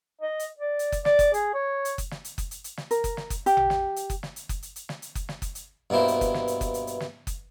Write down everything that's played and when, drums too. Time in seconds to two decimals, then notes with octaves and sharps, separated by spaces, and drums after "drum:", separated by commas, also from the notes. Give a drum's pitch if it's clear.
0.21 D#5
0.39 drum: hi-hat
0.59 D5
0.79 drum: hi-hat
0.92 drum: kick F#1, hi-hat
1.05 D5, drum: snare
1.19 drum: kick F#1, hi-hat
1.34 G#4, drum: hi-hat
1.54 C#5
1.85 drum: hi-hat
1.98 drum: kick F#1, hi-hat
2.11 drum: snare
2.25 drum: hi-hat
2.38 drum: kick F#1, hi-hat
2.51 drum: hi-hat
2.64 drum: hi-hat
2.77 drum: snare
2.91 A#4, drum: hi-hat
3.04 drum: kick F#1, hi-hat
3.17 drum: snare
3.30 drum: kick F#1, hi-hat
3.46 G4, drum: hi-hat
3.57 drum: tom A1
3.70 drum: snare
3.96 drum: hi-hat
4.10 drum: kick F#1, hi-hat
4.23 drum: snare
4.36 drum: hi-hat
4.49 drum: kick F#1, hi-hat
4.62 drum: hi-hat
4.76 drum: hi-hat
4.89 drum: snare
5.02 drum: hi-hat
5.15 drum: kick F#1, hi-hat
5.29 drum: snare
5.42 drum: kick F#1, hi-hat
5.55 drum: hi-hat
5.90 G2 B2 A#3 E4 C5
6.08 drum: hi-hat
6.21 drum: kick F#1, hi-hat
6.34 drum: snare
6.48 drum: hi-hat
6.61 drum: kick F#1, hi-hat
6.74 drum: hi-hat
6.87 drum: hi-hat
7.00 drum: snare
7.27 drum: kick F#1, hi-hat